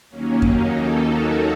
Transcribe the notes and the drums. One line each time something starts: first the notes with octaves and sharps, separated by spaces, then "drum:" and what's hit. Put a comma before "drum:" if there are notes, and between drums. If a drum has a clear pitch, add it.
D#2 D#3 F#3 A#3 C#4
D#4, drum: kick F#2
A4
F#4